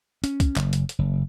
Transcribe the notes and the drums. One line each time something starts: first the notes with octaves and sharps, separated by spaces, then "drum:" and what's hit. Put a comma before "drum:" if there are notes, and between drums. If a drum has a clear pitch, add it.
C#4, drum: hi-hat
drum: kick, hi-hat
F#1, drum: clap
drum: hi-hat
drum: hi-hat
F#1